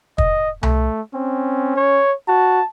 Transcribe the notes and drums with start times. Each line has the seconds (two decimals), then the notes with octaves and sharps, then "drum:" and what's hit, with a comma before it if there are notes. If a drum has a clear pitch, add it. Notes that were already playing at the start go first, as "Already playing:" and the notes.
0.18 D#5, drum: kick
0.63 A3, drum: tom C2
1.14 C4 C#4
1.76 C#5
2.28 F#4 A5